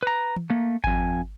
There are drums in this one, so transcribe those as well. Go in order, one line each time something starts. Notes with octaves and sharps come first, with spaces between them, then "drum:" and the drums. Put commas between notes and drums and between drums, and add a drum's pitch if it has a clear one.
B4 A#5
drum: tom E3
A3 A#3
F2 G#5, drum: kick G#1